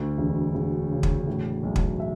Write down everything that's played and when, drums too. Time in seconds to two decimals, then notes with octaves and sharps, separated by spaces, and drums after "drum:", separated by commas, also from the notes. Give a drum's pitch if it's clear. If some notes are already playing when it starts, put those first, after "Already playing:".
Already playing: D2
0.18 E1
0.55 E1
0.91 C#3
1.03 drum: kick
1.27 A2
1.63 B1
1.76 drum: kick
2.00 E5